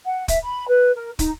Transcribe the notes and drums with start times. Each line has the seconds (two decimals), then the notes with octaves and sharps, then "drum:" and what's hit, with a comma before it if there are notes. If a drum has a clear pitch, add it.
0.04 F#5
0.28 E5, drum: kick, hi-hat
0.43 B5
0.67 B4
0.96 A#4
1.19 D#4, drum: kick, hi-hat